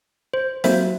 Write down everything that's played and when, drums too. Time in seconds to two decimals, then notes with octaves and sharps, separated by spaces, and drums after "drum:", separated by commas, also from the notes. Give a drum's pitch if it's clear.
0.34 C5
0.64 F#3 A#3 F#4 C5 E5, drum: snare